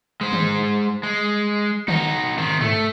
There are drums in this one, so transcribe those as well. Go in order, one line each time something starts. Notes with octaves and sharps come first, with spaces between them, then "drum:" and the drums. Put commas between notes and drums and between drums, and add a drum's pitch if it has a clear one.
G#3 C5
drum: tom
G#3
D#4 F#4, drum: tom
D#3 C4
A3, drum: tom G2